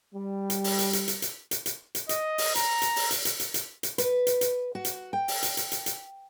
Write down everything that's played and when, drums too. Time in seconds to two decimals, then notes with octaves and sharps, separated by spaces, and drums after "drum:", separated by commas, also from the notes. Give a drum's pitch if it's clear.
0.14 G3
0.50 drum: hi-hat
0.64 drum: open hi-hat
0.79 drum: hi-hat
0.93 drum: hi-hat
1.08 drum: hi-hat
1.22 drum: hi-hat
1.51 drum: hi-hat
1.66 drum: hi-hat
1.95 drum: hi-hat
2.09 D#5, drum: hi-hat
2.38 drum: open hi-hat
2.55 A#5, drum: hi-hat
2.82 drum: hi-hat
2.96 drum: open hi-hat
3.11 drum: hi-hat
3.25 drum: hi-hat
3.40 drum: hi-hat
3.54 drum: hi-hat
3.83 drum: hi-hat
3.98 B4, drum: hi-hat
4.27 drum: hi-hat
4.41 drum: hi-hat
4.75 F#4
4.85 drum: hi-hat
5.13 G5
5.28 drum: open hi-hat
5.43 drum: hi-hat
5.57 drum: hi-hat
5.72 drum: hi-hat
5.86 drum: hi-hat